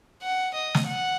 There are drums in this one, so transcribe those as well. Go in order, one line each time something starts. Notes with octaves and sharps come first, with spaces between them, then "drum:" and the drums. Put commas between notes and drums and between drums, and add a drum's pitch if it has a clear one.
F#5
D#5
drum: snare
F#5